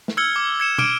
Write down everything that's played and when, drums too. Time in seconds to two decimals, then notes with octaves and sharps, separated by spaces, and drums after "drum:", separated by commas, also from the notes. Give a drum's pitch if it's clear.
0.08 drum: snare
0.17 E6 F6 G#6 C#7 G7
0.36 D6
0.60 G#6 C#7 E7
0.78 D6 F6 D7 D#7, drum: tom